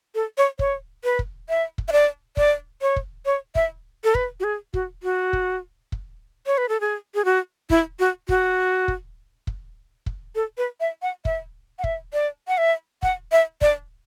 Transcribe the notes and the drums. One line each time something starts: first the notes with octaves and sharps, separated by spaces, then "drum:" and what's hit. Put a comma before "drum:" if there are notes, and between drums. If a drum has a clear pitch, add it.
A4
C#5
C#5, drum: kick
B4
drum: kick
E5
drum: kick
E5
D5
D5, drum: kick
C#5
drum: kick
C#5
E5, drum: kick
A4
B4, drum: kick
F#4
G#4
F#4, drum: kick
F#4
drum: kick
drum: kick
C#5
B4
A4
G#4
G#4
F#4
E4, drum: kick
F#4
F#4, drum: kick
drum: kick
drum: kick
drum: kick
A4
B4
E5
F#5
E5, drum: kick
F#5
E5, drum: kick
D5
F#5
E5
F#5, drum: kick
E5
D5, drum: kick